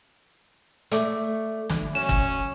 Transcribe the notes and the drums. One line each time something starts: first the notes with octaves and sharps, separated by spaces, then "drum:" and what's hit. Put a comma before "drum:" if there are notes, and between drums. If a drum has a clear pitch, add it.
A3 D5 E5 D6, drum: hi-hat
drum: snare
F#3 C#4 E7
drum: kick G1